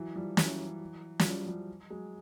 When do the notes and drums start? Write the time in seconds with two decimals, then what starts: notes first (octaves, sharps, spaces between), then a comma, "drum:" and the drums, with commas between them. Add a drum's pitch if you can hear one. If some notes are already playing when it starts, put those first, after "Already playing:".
Already playing: E3 F#3
0.16 F3 G3
0.37 E3 F#3, drum: snare
1.20 F#3, drum: snare
1.25 F3 G3
1.47 F3 G3
1.90 F#3 G#3